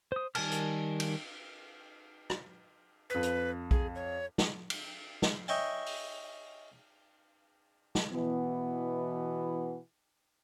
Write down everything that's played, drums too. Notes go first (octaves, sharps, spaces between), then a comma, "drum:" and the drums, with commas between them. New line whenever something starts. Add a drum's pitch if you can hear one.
C5 D#6
D#3 G3 G#5 A5 F6, drum: cymbal
drum: hi-hat
drum: cymbal
drum: rim click
F2 B4 B6
drum: hi-hat
G#4, drum: kick B1
C#5
drum: snare
drum: cymbal
drum: snare
C#5 D#5 E5 G5 G#5
drum: open hi-hat
drum: snare
B2 E3 B3